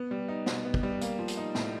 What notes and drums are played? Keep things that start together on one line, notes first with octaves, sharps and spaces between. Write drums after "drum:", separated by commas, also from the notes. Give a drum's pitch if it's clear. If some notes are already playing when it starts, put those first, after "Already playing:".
Already playing: B3
G3
D#4
B2, drum: snare
B3
drum: kick
G3
A#3, drum: hi-hat
F3
drum: hi-hat
D#4
A2, drum: snare